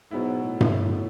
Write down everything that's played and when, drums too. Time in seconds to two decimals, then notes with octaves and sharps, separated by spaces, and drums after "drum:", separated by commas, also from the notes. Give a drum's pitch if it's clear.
0.11 G#2 B2 F#3 B3 E4
0.44 A2
0.61 drum: tom G2